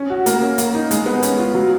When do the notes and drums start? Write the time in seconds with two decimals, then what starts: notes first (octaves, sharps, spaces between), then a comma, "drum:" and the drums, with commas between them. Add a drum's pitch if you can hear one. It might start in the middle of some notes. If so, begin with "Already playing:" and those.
Already playing: C#4
0.10 F#4
0.26 A#3, drum: hi-hat
0.42 C#4
0.58 A#3, drum: hi-hat
0.75 D#4
0.91 G#3, drum: hi-hat
1.06 B3
1.23 C#4, drum: hi-hat
1.39 F4
1.54 F#3